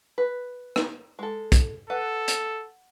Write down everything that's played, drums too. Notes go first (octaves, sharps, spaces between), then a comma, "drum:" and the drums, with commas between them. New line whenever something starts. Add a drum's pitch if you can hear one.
B4
drum: rim click
G#3 A4
drum: kick, hi-hat
A4 B4 F#5
drum: hi-hat